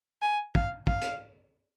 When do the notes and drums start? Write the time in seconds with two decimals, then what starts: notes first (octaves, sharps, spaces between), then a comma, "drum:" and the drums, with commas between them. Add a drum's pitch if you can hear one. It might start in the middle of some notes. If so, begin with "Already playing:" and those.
0.22 G#5
0.55 F5, drum: kick
0.87 F5, drum: kick
1.02 drum: hi-hat